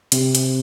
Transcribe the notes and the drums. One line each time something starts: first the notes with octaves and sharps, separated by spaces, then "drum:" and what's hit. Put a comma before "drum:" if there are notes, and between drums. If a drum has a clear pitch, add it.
C3, drum: hi-hat
drum: hi-hat